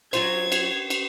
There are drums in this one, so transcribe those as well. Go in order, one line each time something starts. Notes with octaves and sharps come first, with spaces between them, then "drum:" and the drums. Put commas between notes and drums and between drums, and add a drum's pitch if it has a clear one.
F#3 F4 C5 G#6, drum: cymbal
drum: cymbal
drum: cymbal